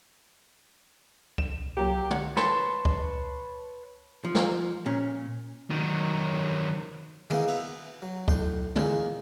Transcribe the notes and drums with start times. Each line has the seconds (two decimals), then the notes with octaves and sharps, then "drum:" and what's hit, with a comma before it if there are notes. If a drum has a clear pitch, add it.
1.38 C2 E7, drum: kick C#2
1.77 F#3 A#3 G4
2.10 F#5, drum: tom
2.37 B4 C#5 A5 C6, drum: snare
2.85 drum: kick C#2
4.25 F3
4.35 drum: snare
4.86 A#2 C#4
5.70 D#3 F#3
7.30 G#3 A#3 B3 D#4 E4, drum: tom
7.48 B3 E5, drum: cymbal
8.02 F#3
8.28 B1 A2 G5 C6, drum: kick C#2
8.76 E2 A#2 D#3 G#4, drum: tom